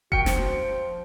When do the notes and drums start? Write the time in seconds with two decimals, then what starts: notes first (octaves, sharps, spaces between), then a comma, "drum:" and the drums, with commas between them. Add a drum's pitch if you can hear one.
0.12 F#4 G5 C#7, drum: kick F1
0.26 F3, drum: snare